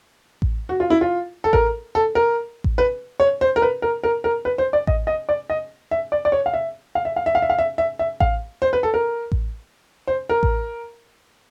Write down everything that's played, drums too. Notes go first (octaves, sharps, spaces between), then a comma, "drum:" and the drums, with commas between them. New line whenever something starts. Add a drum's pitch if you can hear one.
drum: kick A1
F#4
F4
E4
F4
A4
A#4, drum: kick A1
A4
A#4
drum: kick A1
B4
C#5
C5
A#4
B4
A#4
A#4
A#4
B4
C5
D5
D#5, drum: kick A1
D#5
D5
D#5
E5
D5
D5
C#5
F5
E5
F5
E5
F5
E5
F5
E5
F5
E5
E5
E5
F5, drum: kick A1
C5
B4
A4
A#4
drum: kick A1
C5
A#4
drum: kick A1